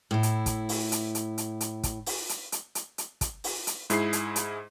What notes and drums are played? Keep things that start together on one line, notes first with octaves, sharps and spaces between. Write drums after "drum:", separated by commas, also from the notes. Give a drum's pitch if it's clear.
A2 E4
drum: hi-hat
drum: kick, hi-hat
drum: open hi-hat
drum: hi-hat
drum: hi-hat
drum: hi-hat
drum: hi-hat
drum: kick, hi-hat
drum: open hi-hat
drum: hi-hat
drum: hi-hat
drum: hi-hat
drum: hi-hat
drum: kick, hi-hat
drum: open hi-hat
drum: hi-hat
G#2 E4 G#4 C7, drum: hi-hat
drum: hi-hat
drum: hi-hat